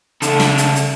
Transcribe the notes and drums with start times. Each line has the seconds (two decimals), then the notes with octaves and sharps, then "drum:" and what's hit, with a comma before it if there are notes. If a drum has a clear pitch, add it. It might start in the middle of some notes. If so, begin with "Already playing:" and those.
0.22 C#3 A3 A4, drum: hi-hat
0.40 drum: snare
0.58 drum: hi-hat
0.75 drum: hi-hat